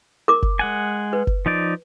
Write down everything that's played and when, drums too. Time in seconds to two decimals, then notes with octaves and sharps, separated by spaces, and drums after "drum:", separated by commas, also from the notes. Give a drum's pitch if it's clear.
0.28 A#4 D6
0.43 drum: kick F#1
0.59 G#3 F#5 G#5
1.13 B4
1.27 drum: kick F#1
1.46 F3 D#4 D5